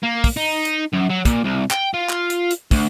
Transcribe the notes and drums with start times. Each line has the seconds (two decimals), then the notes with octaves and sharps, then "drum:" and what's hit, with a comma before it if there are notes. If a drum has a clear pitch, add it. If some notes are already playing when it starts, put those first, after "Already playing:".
0.03 A#3
0.24 drum: kick, open hi-hat
0.37 D#4
0.65 drum: hi-hat
0.93 F#2
1.10 F#3
1.25 A#2, drum: kick, hi-hat
1.45 C2
1.71 G5, drum: clap
1.94 F4
2.09 drum: clap
2.30 drum: hi-hat
2.51 drum: hi-hat
2.71 D2, drum: kick, open hi-hat